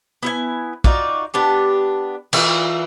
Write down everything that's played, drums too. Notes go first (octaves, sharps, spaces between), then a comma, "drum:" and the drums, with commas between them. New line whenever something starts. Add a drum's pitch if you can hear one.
B3 E4 G#5
D#4 F4 F#4 D5, drum: kick
B3 D4 G4
E3 F4, drum: cymbal